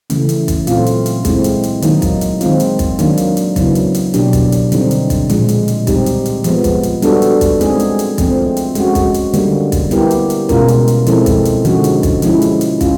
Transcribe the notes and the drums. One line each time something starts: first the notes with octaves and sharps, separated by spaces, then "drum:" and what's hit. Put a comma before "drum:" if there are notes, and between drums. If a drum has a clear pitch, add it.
C#3 E3 A3 C#4, drum: hi-hat
drum: hi-hat
drum: kick, hi-hat
A#2 F#3 A3 C4 F4, drum: hi-hat
drum: hi-hat
drum: hi-hat
G#3 C4 E4, drum: kick, hi-hat
drum: hi-hat
drum: hi-hat
D#3 F#3 A#3 D#4, drum: hi-hat
drum: kick, hi-hat
drum: hi-hat
D#3 G#3 C4 F4, drum: hi-hat
drum: hi-hat
drum: kick, hi-hat
D#3 F#3 A#3 D4, drum: hi-hat
drum: hi-hat
drum: hi-hat
C#3 F#3 B3 E4, drum: kick, hi-hat
drum: hi-hat
drum: hi-hat
B2 F#3 A#3 D4 G4, drum: hi-hat
drum: kick, hi-hat
drum: hi-hat
D3 G3 C4 D#4, drum: hi-hat
drum: hi-hat
drum: kick, hi-hat
A#2 F3 G#3, drum: hi-hat
drum: hi-hat
drum: hi-hat
G3 C4 D#4 G4, drum: kick, hi-hat
drum: hi-hat
drum: hi-hat
F3 G#3 B3, drum: hi-hat
drum: kick, hi-hat
drum: hi-hat
G3 B3 D4 F#4 A4, drum: hi-hat
drum: hi-hat
drum: kick, hi-hat
G#3 C4 D#4 G#4, drum: hi-hat
drum: hi-hat
drum: hi-hat
F3 A3 C4, drum: kick, hi-hat
drum: hi-hat
G#3 C#4 F#4, drum: hi-hat
drum: kick, hi-hat
drum: hi-hat
D3 G3 A#3, drum: hi-hat
drum: kick, hi-hat
G3 B3 E4 G4 A#4, drum: hi-hat
drum: hi-hat
drum: hi-hat
B2 G#3 C#4 F4 A#4, drum: kick, hi-hat
drum: hi-hat
drum: hi-hat
F3 G#3 C4 E4 A4, drum: hi-hat
drum: kick, hi-hat
drum: hi-hat
D3 F3 G#3 C#4 F#4, drum: hi-hat
drum: hi-hat
drum: kick, hi-hat
F3 G#3 C#4 E4, drum: hi-hat
drum: hi-hat
drum: hi-hat
G#3 C#4 F4, drum: kick, hi-hat